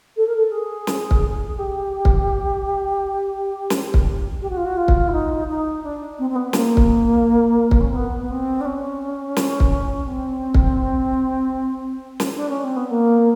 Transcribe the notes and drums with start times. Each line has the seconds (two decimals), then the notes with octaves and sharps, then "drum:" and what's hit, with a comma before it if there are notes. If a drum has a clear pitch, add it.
0.16 A4
0.27 A#4
0.36 A4
0.51 G#4
0.87 drum: snare
1.11 drum: kick
1.59 G4
2.05 drum: kick
3.70 drum: snare
3.94 drum: kick
4.41 G4
4.49 F#4
4.57 F4
4.65 F#4
4.77 F4
4.88 drum: kick
5.08 E4
5.12 D#4
5.48 D#4
5.83 D4
6.19 C4
6.29 C4
6.35 B3
6.53 A#3, drum: snare
6.77 drum: kick
7.71 drum: kick
7.80 C#4
7.88 C4
7.95 B3
8.19 B3
8.31 C4
8.61 D4
8.65 C#4
9.36 drum: snare
9.60 drum: kick
10.07 C4
10.54 drum: kick
12.20 drum: snare
12.35 D4
12.49 C#4
12.64 C4
12.76 B3
12.91 A#3